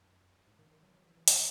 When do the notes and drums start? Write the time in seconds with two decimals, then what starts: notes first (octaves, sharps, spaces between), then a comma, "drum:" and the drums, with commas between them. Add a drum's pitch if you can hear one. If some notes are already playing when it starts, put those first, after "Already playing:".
Already playing: F#2
0.47 G#2
0.59 D#3
0.71 D#3
0.83 F#3
0.95 F#3
1.06 E3
1.17 E3
1.28 drum: hi-hat